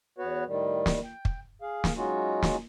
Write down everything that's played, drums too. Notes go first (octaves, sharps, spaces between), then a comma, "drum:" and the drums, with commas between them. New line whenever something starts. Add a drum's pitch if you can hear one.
E2 B3 F#4 B4 C#5
A2 D#3 G3
drum: snare
G5
drum: kick
G#4 F5
drum: snare
F#3 G#3 C#4 D#4 F4 F#4
drum: snare